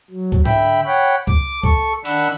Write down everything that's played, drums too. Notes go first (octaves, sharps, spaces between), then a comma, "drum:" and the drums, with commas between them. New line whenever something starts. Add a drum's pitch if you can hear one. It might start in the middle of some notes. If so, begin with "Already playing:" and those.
F#3
drum: kick C2
D3 E5 G5 B5, drum: tom G#2
C#5 F#5 G5 B5
D6, drum: kick C2
A4 C#6, drum: kick C2
D#3 D4 F#5 B5 E6, drum: open hi-hat